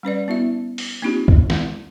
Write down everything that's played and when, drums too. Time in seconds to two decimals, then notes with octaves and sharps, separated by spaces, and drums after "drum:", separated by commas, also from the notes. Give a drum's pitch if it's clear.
0.03 G3 C#4 B4 D5
0.28 B3 E4 F#4 E5
0.78 drum: open hi-hat
1.02 A#3 C4 D4 D#4 F4 G4
1.28 drum: kick C#2
1.50 G#3, drum: snare